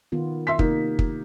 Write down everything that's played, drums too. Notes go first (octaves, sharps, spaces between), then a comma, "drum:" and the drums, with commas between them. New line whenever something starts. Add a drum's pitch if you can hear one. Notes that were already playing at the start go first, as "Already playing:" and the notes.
D#3 B3 F4
E5 C6 B6
C3 A#3 D#4, drum: kick
drum: kick